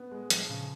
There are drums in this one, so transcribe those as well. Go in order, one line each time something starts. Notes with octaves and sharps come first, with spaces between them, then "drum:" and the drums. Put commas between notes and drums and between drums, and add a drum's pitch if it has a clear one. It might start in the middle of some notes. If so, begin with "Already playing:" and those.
Already playing: B3
G#3
F3, drum: hi-hat
C#3